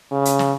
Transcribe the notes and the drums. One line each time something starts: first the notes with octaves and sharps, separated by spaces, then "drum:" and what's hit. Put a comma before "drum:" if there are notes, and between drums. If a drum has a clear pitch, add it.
C#3
drum: hi-hat
drum: snare